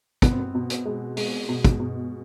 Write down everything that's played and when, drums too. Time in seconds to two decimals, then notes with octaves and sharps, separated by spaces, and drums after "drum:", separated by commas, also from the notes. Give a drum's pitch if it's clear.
0.22 B2 B3, drum: kick, hi-hat
0.31 C4
0.39 B3
0.55 B2
0.70 drum: hi-hat
0.85 G#3
1.17 G#3, drum: open hi-hat
1.49 B2
1.64 drum: kick, hi-hat
1.80 B2